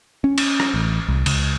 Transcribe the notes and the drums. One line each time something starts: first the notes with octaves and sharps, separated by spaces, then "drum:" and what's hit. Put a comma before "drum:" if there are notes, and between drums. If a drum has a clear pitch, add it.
C#4
drum: cymbal
drum: rim click
A1
C2
C#2, drum: cymbal